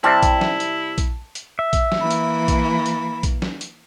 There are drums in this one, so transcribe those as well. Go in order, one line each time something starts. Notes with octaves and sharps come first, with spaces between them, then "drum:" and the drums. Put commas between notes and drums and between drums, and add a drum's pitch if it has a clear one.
C3 G3 C4 E4 A5
drum: kick A#1, hi-hat
drum: snare
drum: hi-hat
drum: kick A#1, hi-hat
drum: hi-hat
E5
drum: kick A#1, hi-hat
drum: snare
E3 A#3 B5
drum: hi-hat
drum: kick A#1, hi-hat
drum: hi-hat
drum: kick A#1, hi-hat
drum: snare
drum: hi-hat